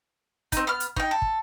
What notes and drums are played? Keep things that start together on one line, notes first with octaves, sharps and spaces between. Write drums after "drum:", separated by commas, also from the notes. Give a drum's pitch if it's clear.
C4 D#4, drum: kick, hi-hat
B3 F6
drum: hi-hat
D#4 G5, drum: kick
A4
drum: kick